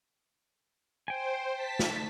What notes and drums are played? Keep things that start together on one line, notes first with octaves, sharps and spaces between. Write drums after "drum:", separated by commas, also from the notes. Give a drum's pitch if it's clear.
C5 G5 G#5
A5 B6
drum: snare